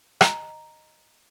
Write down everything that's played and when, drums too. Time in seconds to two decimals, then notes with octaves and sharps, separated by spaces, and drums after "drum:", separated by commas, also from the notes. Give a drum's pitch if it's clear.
0.21 D#5 A#5, drum: rim click